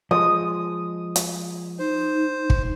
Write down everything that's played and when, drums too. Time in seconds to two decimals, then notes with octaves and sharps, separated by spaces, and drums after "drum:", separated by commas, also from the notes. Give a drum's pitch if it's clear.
0.11 F3 G#3 D#6
1.16 drum: hi-hat
1.79 D#4 C5
2.50 drum: kick